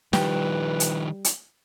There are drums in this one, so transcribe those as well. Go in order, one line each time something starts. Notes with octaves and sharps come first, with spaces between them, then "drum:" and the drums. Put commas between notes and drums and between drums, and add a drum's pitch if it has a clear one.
D#3 F3 G3 B4 G5, drum: snare
drum: hi-hat
drum: hi-hat